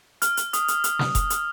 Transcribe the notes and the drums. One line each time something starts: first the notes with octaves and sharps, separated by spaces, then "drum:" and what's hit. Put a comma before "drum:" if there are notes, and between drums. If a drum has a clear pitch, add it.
F6, drum: hi-hat
drum: hi-hat
D#6, drum: hi-hat
drum: hi-hat
drum: hi-hat
drum: snare
drum: kick F1, hi-hat
drum: hi-hat